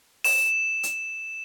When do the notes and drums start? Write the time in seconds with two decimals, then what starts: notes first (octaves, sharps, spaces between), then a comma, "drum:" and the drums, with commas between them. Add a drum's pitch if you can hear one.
0.24 E7, drum: open hi-hat
0.83 drum: hi-hat